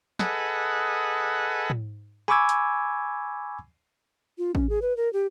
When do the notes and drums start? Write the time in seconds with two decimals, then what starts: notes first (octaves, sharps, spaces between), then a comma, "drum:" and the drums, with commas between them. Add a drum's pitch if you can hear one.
0.19 G#4 A4 B4 D#5 F#5, drum: snare
1.70 drum: tom
2.28 G#5 B5 C#6 D6 E6 G#6, drum: rim click
2.49 drum: hi-hat
4.38 F4
4.55 C#4, drum: kick
4.69 G#4
4.82 B4
4.97 A#4
5.13 G4